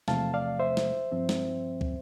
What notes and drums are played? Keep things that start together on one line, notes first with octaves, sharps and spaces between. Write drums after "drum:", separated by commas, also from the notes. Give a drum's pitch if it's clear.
E2 C3 F3 A3 F5 A5, drum: snare
D5 F5
C5 E5
drum: snare
G2 F3 C4
drum: snare
drum: kick